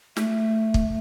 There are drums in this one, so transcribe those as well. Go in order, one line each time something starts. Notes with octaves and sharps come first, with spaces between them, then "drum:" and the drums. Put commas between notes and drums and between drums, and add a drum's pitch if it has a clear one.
A3, drum: snare
drum: kick